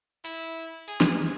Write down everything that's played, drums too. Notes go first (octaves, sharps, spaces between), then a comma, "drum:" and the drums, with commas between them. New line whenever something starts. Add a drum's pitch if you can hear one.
E4, drum: hi-hat
G#4, drum: hi-hat
drum: snare